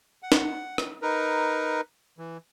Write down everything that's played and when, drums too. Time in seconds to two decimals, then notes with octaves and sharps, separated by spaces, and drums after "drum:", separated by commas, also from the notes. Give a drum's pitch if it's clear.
0.23 F#5
0.32 drum: snare
0.78 drum: rim click
1.02 D#4 A#4 B4
2.18 E3